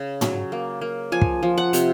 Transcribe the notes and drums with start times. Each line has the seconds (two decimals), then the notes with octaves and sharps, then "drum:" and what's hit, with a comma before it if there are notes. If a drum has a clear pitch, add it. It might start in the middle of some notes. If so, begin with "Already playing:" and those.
Already playing: C#3
0.21 F#3, drum: tom
0.52 A#3
0.81 A#3
1.12 F3 G#5
1.21 drum: kick
1.43 F3
1.58 F#5
1.73 C3, drum: hi-hat